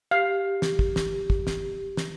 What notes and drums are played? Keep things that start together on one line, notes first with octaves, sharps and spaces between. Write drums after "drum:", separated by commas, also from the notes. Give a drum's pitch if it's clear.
G4 F5
drum: snare
drum: kick
drum: snare
drum: kick
drum: snare
drum: snare